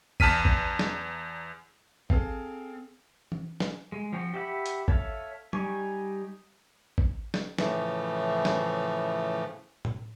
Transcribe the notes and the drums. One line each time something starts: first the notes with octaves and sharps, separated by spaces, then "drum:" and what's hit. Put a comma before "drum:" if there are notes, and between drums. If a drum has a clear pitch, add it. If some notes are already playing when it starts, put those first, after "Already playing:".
E2 A5 F6 B6 D#7, drum: kick A1
drum: kick A1
drum: snare
C4 G#4 A4 F5, drum: kick A1
drum: tom E3
drum: snare
G#3
F3 C4 F#4
G4 E5 F#5 B5
drum: hi-hat
A4 C#5 E5 F5, drum: kick A1
G3 D#4 G#5 C#6, drum: tom F#3
drum: kick A1
drum: snare
A2 C#3 E3 F3 A3, drum: snare
drum: snare
drum: tom A2